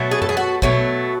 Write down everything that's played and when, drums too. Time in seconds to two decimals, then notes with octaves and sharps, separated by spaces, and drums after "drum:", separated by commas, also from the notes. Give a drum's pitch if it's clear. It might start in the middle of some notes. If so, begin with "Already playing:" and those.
Already playing: B2 F#3 A3
0.11 G#4
0.22 A4, drum: tom F#2
0.29 G#4
0.37 F#4
0.62 B2 F#3 A3, drum: kick